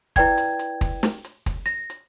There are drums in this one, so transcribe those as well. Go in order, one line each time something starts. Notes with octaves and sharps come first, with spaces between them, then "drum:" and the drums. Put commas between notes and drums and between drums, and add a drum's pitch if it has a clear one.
E4 B4 D5 G5 G#6, drum: kick, hi-hat
drum: hi-hat
drum: hi-hat
drum: kick, hi-hat
drum: snare
drum: hi-hat
drum: kick, hi-hat
A#6, drum: hi-hat
drum: hi-hat